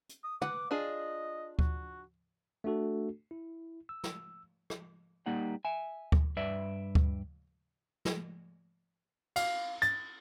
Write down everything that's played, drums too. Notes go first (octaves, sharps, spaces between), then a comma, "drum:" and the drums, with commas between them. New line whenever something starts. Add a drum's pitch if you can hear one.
drum: hi-hat
D#6
B4 F#5 D6, drum: tom
D4 F4 G#4 D#5
F#4, drum: kick D2
A3 D4 F#4 A4
E4
E6
drum: snare
drum: rim click
G3 A#3 D#4 F#5
E5 G#5
drum: kick D2
G2 B4 D5 E5
drum: kick D2
drum: snare
F5, drum: cymbal
A6, drum: hi-hat